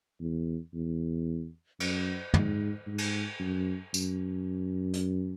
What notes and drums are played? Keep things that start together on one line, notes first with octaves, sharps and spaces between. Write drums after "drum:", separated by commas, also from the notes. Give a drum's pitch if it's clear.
E2
E2
F#2, drum: cymbal
G#2, drum: tom
G#2
drum: cymbal
F#2
F#2, drum: tambourine
drum: hi-hat